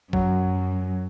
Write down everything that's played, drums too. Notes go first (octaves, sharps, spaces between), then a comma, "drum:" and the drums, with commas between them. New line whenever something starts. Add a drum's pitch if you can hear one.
F#2 F#3, drum: kick A1